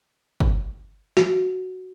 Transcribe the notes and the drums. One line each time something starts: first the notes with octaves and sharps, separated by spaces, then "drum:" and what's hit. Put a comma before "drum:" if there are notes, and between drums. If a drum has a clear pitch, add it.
drum: kick
F#4, drum: snare